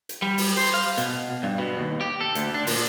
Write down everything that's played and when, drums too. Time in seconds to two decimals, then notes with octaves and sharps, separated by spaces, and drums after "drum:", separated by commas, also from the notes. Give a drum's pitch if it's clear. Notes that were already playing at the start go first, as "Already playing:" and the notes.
0.09 drum: hi-hat
0.22 G3
0.38 drum: open hi-hat
0.57 C5
0.74 F5
0.98 B2, drum: hi-hat
1.43 G2
1.58 B2
1.77 D#2
2.01 G4
2.21 A4
2.35 D2, drum: hi-hat
2.54 D4
2.67 A#2, drum: open hi-hat